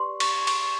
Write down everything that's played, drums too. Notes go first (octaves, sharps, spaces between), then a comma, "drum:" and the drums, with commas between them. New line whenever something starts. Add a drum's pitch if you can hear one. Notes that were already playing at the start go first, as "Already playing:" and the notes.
Already playing: G4 B4 D5 C6 C#6
C#6, drum: cymbal
C#6, drum: cymbal